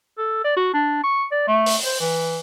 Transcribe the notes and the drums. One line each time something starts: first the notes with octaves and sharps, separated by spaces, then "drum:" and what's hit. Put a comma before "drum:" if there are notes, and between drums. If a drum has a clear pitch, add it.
A4
D5
F#4
D4
C#6
D5
A3
drum: open hi-hat
C5
E3